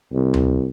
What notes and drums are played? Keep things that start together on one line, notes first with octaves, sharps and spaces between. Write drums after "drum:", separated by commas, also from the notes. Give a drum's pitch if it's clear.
C2
drum: tom D2